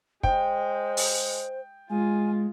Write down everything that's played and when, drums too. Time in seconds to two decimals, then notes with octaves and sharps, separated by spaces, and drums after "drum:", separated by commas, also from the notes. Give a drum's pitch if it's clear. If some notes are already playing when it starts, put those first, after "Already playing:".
0.23 G#3 C5 G5, drum: kick
0.97 drum: open hi-hat
1.90 G#3 F4 G#5